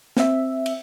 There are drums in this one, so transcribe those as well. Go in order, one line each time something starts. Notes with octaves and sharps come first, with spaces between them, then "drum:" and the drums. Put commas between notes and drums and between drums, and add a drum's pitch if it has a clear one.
C4 E5, drum: snare
drum: cymbal